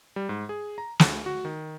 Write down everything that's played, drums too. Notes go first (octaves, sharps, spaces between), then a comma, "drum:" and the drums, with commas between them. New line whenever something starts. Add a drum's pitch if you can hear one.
G3
G#2
G#4
A#5
D2, drum: snare
F#4
D#3